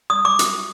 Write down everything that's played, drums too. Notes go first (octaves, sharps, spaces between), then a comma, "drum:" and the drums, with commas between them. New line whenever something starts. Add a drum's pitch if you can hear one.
D#6
D6
drum: hi-hat